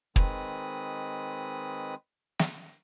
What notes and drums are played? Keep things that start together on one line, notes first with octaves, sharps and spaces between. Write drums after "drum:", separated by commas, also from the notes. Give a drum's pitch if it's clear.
D#3 G#3 C4 B4 D#6, drum: kick
drum: snare